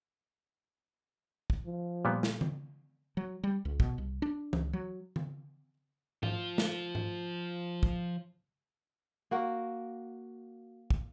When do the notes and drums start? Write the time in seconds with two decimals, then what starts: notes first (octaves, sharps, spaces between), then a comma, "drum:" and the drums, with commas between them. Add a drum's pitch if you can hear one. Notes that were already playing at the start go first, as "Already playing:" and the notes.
1.50 drum: kick
1.66 F3
2.05 A#2 G3 B3
2.23 drum: snare
2.41 drum: tom D#3
3.17 F#3
3.43 G3
3.65 C#2
3.80 B2, drum: kick
3.98 C2
4.22 D4
4.53 C#2, drum: tom E3
4.73 F#3
5.16 drum: tom D#3
6.23 F3 F4, drum: tom G#2
6.58 drum: snare
6.95 drum: tom G#2
7.83 drum: kick
9.31 A#3 F#4 A#4
10.90 drum: kick